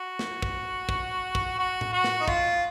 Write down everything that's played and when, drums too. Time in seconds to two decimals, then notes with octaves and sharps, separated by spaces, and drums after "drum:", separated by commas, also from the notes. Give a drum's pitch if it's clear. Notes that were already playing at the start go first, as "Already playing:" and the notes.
Already playing: F#4
0.19 drum: snare
0.42 drum: kick
0.89 drum: kick
1.35 drum: kick
1.59 F#4
1.81 drum: tom A2
1.93 F#4
2.04 drum: snare
2.21 D#4
2.28 F4, drum: kick